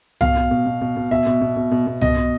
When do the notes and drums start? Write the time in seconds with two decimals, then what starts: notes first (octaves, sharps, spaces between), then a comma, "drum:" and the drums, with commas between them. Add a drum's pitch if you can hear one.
0.21 B2 F5, drum: tom C2
0.36 B2
0.51 B2
0.66 B2
0.81 B2
0.97 B2
1.11 B2 E5
1.26 B2
1.41 B2
1.57 B2
1.71 B2
1.87 B2
2.01 B2 D#5, drum: tom C2
2.16 B2